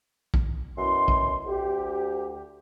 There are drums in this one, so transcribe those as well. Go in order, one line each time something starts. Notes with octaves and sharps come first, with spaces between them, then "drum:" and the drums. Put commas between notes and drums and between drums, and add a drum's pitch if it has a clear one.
drum: kick A#1
F#2 B2 E4 C6
drum: kick A#1
D2 G4